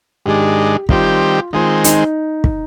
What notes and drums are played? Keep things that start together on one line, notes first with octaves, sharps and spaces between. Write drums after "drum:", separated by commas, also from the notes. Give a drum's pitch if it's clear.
G#2 D#3 G#3 D4 G4
D#3 G3 C4 F4 G4, drum: kick
D#3 G#3 C4 F4
D#4, drum: hi-hat
drum: kick